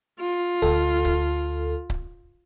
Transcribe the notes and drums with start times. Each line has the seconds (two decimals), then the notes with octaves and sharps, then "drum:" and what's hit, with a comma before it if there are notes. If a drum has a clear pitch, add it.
0.20 F4
0.62 D2 A4, drum: kick C#1
1.05 drum: kick C#1
1.90 drum: kick C#1